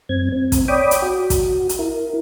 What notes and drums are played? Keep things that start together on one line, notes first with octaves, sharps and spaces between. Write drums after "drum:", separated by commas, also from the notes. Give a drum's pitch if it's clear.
F#2 C4 G#6
C4
drum: kick, hi-hat
C#5 D5 G5 B5 D6 D#6
drum: hi-hat
F#4
drum: kick, hi-hat
drum: hi-hat
E4 A#4